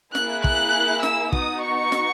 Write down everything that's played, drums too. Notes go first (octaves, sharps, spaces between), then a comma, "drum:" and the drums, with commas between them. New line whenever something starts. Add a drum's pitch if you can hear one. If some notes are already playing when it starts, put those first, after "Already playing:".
A#3 E4 G#4 F#6, drum: snare
F#6, drum: kick
E6, drum: snare
B3 D#4 F#4 D#6, drum: kick
C#6
drum: snare